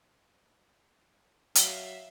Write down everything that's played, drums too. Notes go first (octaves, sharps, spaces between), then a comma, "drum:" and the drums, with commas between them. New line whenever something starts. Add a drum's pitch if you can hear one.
F#3 E5 F5, drum: hi-hat